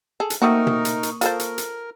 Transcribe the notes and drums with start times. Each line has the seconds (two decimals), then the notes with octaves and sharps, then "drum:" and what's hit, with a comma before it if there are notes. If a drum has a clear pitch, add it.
0.20 G#4 A4
0.30 drum: hi-hat
0.42 A3 A#3 C4 D#4 F#4 A#4 C#6 D#6
0.67 drum: tom
0.85 drum: hi-hat
1.03 drum: hi-hat
1.21 F4 A4 A#4 C5, drum: hi-hat
1.40 drum: hi-hat
1.58 drum: hi-hat